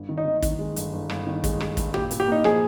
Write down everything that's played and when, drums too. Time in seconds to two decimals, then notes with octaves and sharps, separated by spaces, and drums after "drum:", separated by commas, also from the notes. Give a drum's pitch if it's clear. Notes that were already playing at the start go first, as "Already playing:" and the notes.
Already playing: G1
0.09 D#3
0.18 D#4
0.25 D#3
0.42 D#3, drum: kick, hi-hat
0.59 G#3
0.76 G1, drum: hi-hat
0.93 G1
1.10 G1, drum: rim click
1.27 D#3
1.44 G#3, drum: kick, hi-hat
1.60 G#3, drum: rim click
1.77 G2, drum: kick, hi-hat
1.94 A#2 G4, drum: tom G#1
2.11 A#2, drum: hi-hat
2.20 G4
2.28 A#3 D#4
2.44 F3 G#4, drum: rim click